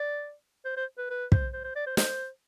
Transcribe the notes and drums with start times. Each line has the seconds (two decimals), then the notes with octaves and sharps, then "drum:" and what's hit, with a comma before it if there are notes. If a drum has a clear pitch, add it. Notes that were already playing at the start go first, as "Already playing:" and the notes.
Already playing: D5
0.65 C5
0.77 C5
0.98 B4
1.10 B4
1.32 C5, drum: kick
1.53 C5
1.64 C5
1.76 D5
1.87 C5
1.97 C5, drum: snare